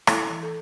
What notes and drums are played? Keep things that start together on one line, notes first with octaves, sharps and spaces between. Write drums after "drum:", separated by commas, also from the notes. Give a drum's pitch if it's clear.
E4 A4, drum: rim click
E3
A4